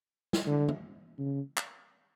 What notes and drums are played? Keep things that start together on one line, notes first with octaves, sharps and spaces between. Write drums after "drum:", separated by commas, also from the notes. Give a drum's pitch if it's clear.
drum: snare
D3
drum: tom
C#3
drum: clap